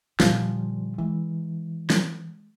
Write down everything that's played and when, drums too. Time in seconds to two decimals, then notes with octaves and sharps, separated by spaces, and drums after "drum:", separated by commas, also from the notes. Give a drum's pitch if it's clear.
0.20 A#2 D3 F3 G3, drum: snare
0.98 E3 G#3
1.90 drum: snare